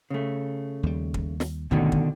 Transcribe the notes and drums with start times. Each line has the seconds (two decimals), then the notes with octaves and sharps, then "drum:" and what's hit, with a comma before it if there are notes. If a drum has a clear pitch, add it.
0.10 C#3 A3
0.83 D#2 G3
1.14 drum: kick
1.40 drum: snare
1.71 G#1 D2 B2 D3 D#3
1.92 drum: kick